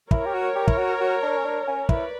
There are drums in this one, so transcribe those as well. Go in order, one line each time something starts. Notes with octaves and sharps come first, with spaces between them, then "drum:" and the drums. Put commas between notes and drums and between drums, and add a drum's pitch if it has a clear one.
E4 A#4 C#5, drum: kick
G4
F#4
G4
E4, drum: kick
F#4
F#4
D4
C#4
D4
C#4
E4 B4 D5, drum: kick